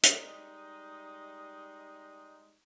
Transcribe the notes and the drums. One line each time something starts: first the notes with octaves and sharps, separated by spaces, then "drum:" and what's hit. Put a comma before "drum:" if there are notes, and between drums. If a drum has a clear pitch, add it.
G3 G#3 D#4, drum: hi-hat